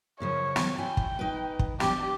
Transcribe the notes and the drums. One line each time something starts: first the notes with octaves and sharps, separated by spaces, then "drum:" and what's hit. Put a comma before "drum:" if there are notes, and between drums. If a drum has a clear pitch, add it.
F#2 C#3 F3 C#5
drum: snare
C#4 E4 G5 G#5
drum: kick
D#4 B4
drum: kick
D4 G4 G5, drum: snare